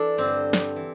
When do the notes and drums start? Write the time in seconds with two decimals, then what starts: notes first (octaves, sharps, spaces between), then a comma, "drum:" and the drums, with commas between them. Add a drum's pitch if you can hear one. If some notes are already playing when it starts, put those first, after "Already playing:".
Already playing: E3 D4 A4
0.18 G2 D3 C4
0.53 drum: snare
0.76 E3